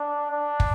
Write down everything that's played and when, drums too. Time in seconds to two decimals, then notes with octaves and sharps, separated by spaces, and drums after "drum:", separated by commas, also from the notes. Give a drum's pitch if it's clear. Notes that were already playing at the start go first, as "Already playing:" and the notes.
Already playing: D4
0.31 D4
0.60 drum: kick